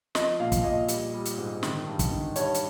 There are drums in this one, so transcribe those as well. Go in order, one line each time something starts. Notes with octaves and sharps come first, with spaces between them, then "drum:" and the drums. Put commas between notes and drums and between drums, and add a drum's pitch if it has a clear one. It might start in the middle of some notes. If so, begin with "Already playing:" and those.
F3 D#5, drum: snare
A#2 F5
drum: kick, hi-hat
A#2 D#5
G3, drum: hi-hat
G3
drum: hi-hat
G#2
D#3, drum: snare
G2
drum: kick, hi-hat
D#3
G2 C#5, drum: hi-hat
drum: hi-hat